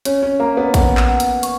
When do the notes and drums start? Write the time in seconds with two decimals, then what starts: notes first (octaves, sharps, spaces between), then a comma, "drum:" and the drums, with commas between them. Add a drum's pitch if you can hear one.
0.05 C#4 C#5, drum: hi-hat
0.23 C#4
0.40 A#3 A#5
0.57 B3
0.74 B3 F#5, drum: kick A1, hi-hat
0.97 drum: clap
1.08 F#5
1.20 drum: hi-hat
1.43 C#6, drum: hi-hat